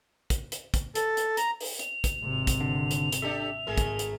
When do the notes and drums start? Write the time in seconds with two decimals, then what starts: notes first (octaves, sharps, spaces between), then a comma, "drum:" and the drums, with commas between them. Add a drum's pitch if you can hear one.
0.30 drum: kick, hi-hat
0.52 drum: hi-hat
0.74 drum: kick, hi-hat
0.95 A4, drum: hi-hat
1.17 drum: hi-hat
1.37 A#5, drum: hi-hat
1.60 drum: open hi-hat
1.79 F7, drum: hi-hat
2.04 drum: kick, hi-hat
2.19 G#1 C3
2.47 drum: kick, hi-hat
2.61 D3
2.91 drum: hi-hat
3.12 drum: hi-hat
3.22 D4 G4 A4 E5
3.67 G#1 A3 G#4 A#4
3.77 drum: kick, hi-hat
3.99 drum: hi-hat